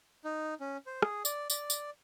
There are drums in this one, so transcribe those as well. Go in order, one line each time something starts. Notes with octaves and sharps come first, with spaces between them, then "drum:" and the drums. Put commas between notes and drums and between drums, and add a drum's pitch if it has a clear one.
D#4
C#4
C5
G#4, drum: rim click
D5, drum: tambourine
D5, drum: tambourine
drum: tambourine